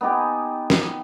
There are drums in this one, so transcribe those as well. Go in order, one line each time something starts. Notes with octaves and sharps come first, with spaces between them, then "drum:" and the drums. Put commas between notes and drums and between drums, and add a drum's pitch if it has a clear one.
B3 D#4 G4 G#5
drum: snare